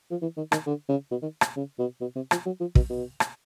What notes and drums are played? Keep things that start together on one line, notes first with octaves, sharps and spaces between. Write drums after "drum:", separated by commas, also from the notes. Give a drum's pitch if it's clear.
F3
E3
D#3
D#3, drum: rim click
D3
C#3
B2
D#3
drum: rim click
C#3
B2
B2
C3
F3, drum: rim click
F#3
F3
B2, drum: kick
B2
drum: rim click